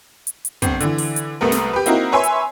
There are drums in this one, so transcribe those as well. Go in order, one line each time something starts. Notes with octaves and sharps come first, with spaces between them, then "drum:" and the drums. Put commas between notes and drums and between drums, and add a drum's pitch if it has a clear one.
drum: hi-hat
drum: hi-hat
G1 C4, drum: kick, hi-hat
D3 E3, drum: hi-hat
drum: open hi-hat
drum: hi-hat
C2 A3 B3 A#4
drum: snare
G4 B4
A#3 C4 D#4 E4 F#4 A#4, drum: hi-hat
B4 C#5 E5 G#5 C6
drum: hi-hat